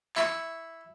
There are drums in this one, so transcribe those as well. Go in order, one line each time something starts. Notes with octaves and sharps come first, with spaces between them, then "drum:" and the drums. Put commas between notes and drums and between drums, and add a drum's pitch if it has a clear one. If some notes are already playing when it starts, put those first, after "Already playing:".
E4 B5 C#6, drum: clap